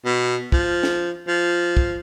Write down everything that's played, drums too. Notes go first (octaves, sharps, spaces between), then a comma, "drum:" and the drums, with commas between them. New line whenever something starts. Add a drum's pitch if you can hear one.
B2
F3, drum: kick
drum: snare
F3
drum: kick